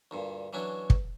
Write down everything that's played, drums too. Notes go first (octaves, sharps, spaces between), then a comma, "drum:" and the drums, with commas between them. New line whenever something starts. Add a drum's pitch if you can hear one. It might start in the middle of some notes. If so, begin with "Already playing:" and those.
D2 G2 A#2
E3 F#3 C#4 D4 E4
drum: kick